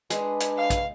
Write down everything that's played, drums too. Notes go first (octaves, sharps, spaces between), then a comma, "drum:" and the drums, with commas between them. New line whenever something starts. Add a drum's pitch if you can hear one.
G#3 D4 B4, drum: hi-hat
drum: hi-hat
F5
drum: kick, hi-hat